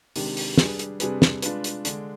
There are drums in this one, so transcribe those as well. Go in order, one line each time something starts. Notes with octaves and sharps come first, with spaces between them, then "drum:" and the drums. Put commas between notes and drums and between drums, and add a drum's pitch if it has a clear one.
C3 D#3 G#3 D4 G4, drum: open hi-hat
drum: open hi-hat
G3 D4 G#4 B4, drum: snare
drum: hi-hat
C3 G3 D4 G#4 B4, drum: hi-hat
drum: snare
G#3 D4 F4 B4, drum: hi-hat
drum: hi-hat
D3 G#3 D4, drum: hi-hat